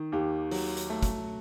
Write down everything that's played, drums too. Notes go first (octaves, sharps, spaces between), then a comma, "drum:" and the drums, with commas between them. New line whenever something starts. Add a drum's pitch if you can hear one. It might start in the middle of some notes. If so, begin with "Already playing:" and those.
Already playing: D#3
D#2 G4
F#3, drum: open hi-hat
drum: hi-hat
A3
drum: kick, hi-hat